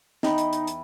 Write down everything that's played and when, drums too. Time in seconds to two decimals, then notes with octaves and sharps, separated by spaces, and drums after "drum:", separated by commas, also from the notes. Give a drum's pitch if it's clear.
0.23 E2 D#4 G5 B5, drum: snare
0.38 drum: hi-hat
0.53 drum: hi-hat
0.67 drum: hi-hat